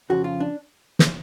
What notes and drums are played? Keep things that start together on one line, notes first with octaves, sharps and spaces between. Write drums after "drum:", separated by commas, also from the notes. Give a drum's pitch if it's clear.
F2 C#3 F3 F#4
F4
D4
drum: snare